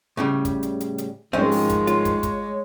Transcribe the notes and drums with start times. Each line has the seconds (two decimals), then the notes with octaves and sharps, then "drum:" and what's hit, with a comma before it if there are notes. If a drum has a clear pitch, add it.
0.17 A2 C#3 G3
0.45 drum: kick, hi-hat
0.63 drum: hi-hat
0.80 drum: hi-hat
0.98 drum: hi-hat
1.33 G#2 D#3 F3 G#3 C4 C#4, drum: tom
1.52 drum: open hi-hat
1.70 drum: kick, hi-hat
1.87 F4 C#5, drum: hi-hat
2.05 drum: kick, hi-hat
2.23 drum: kick, hi-hat